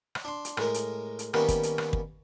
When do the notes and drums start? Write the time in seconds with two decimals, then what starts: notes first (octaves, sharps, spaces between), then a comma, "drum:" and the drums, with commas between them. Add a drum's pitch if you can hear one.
0.15 drum: rim click
0.25 D4 C6
0.45 drum: hi-hat
0.57 A2 G#3 A#4, drum: rim click
0.74 drum: hi-hat
1.19 drum: hi-hat
1.34 D#3 G3 A#3 B3 C#4, drum: rim click
1.48 drum: kick, hi-hat
1.63 drum: hi-hat
1.78 drum: rim click
1.93 drum: kick